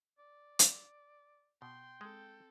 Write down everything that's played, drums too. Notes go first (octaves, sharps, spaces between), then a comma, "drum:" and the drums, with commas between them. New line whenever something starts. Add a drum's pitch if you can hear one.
D5
drum: hi-hat
B2 G5 C6
G#3 C4 A4